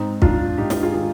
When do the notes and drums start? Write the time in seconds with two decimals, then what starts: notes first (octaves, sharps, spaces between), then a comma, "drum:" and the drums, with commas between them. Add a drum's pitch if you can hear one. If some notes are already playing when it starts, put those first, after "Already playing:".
Already playing: G#2 C4 D#4
0.22 D#3 D4 F4, drum: kick
0.58 G#2 D#4 G4
0.70 drum: snare
0.82 F4 G#4
0.94 D#3